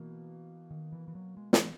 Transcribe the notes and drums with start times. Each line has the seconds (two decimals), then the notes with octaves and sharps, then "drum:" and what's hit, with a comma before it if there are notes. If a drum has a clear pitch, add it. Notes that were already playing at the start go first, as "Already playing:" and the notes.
Already playing: B2 E3 A#3
0.71 D#3
0.92 E3
1.08 E3
1.15 F#3
1.37 G#3
1.53 E3, drum: snare